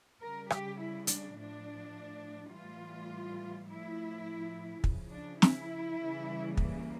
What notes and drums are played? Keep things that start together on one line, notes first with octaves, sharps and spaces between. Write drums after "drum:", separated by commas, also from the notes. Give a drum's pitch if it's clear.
C#3 G3 A#4
G4, drum: rim click
E4
D4, drum: hi-hat
A2 F3 D4
A2 E3 G3 F4
A2 F3 E4
C#3 F3, drum: kick
D4
E4, drum: snare
C#3 E3 G3
A#3, drum: kick